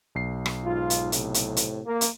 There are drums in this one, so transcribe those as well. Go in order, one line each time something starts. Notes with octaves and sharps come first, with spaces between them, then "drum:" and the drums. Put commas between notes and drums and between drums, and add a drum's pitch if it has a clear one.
B1 C7
drum: rim click
G#2 F4
drum: hi-hat
A2 C3, drum: hi-hat
drum: hi-hat
drum: hi-hat
A#3
drum: hi-hat